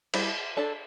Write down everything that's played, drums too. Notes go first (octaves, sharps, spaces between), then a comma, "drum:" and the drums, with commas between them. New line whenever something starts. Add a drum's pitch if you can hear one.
G3 E4 C5, drum: cymbal
D4 A4 D5